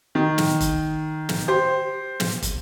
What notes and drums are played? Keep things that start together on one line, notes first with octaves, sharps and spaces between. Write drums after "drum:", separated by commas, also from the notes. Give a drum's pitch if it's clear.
D#3
drum: snare
drum: kick, hi-hat
drum: snare
G4 C5
drum: snare
drum: kick, hi-hat